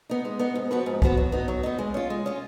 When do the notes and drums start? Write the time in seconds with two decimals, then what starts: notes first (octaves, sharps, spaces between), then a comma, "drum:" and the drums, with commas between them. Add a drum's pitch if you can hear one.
0.09 B3 D#4
0.25 G#3
0.39 B3 D#4
0.55 G#2
0.71 F3 B3 F#4 B4
0.86 G#2
1.02 F3 B3 F#4 B4, drum: kick B1
1.17 F#3
1.32 B3 D#4
1.48 F#3
1.63 B3 D#4
1.79 G#3
1.94 C#4 F4
2.10 G#3
2.26 C#4 F4